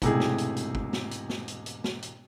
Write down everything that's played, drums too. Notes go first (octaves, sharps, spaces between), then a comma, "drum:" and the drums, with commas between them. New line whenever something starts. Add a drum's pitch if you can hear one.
E1 G#2 C3 A3 E4 G#4, drum: kick, hi-hat
drum: snare
drum: hi-hat
drum: hi-hat
drum: kick
drum: snare
drum: hi-hat
drum: snare
drum: hi-hat
drum: hi-hat
drum: snare
drum: hi-hat